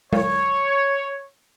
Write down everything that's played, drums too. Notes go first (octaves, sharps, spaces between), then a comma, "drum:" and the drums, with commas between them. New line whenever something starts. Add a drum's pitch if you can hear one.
C#5, drum: tom G#3